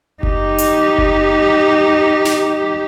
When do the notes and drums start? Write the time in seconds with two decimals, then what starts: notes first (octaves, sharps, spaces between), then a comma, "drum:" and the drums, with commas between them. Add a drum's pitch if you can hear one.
0.23 D#4 G4, drum: kick F#1
0.58 drum: hi-hat
0.98 drum: kick F#1
2.25 drum: snare